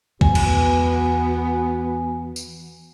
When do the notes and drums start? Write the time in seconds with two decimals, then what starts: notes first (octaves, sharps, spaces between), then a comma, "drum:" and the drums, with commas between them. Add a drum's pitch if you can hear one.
0.21 E2 B3 F#4 G#5, drum: kick
0.35 drum: cymbal
2.36 drum: tambourine